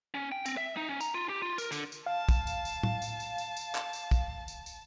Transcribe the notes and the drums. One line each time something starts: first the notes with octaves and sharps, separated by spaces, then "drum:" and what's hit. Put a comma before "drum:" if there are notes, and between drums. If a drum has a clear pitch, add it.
C#4
G5
C4, drum: tambourine
E5
D#4
C#4
A#5, drum: tambourine
F4
G4
F4
A#4, drum: tambourine
D3, drum: tambourine
drum: tambourine
F5 A5
drum: kick, tambourine
drum: tambourine
drum: tambourine
drum: tom
drum: tambourine
drum: tambourine
drum: tambourine
drum: tambourine
drum: clap
drum: tambourine
drum: kick, tambourine
drum: tambourine
drum: tambourine